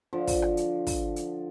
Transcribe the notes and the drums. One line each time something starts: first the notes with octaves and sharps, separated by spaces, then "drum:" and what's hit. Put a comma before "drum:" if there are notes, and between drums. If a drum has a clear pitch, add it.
D3 F3
drum: kick, open hi-hat
drum: rim click
drum: hi-hat
drum: kick, open hi-hat
drum: hi-hat